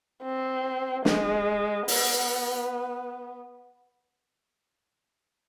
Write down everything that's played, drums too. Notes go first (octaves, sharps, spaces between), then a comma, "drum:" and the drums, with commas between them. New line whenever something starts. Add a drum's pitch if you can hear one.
C4
G#3, drum: snare
B3, drum: open hi-hat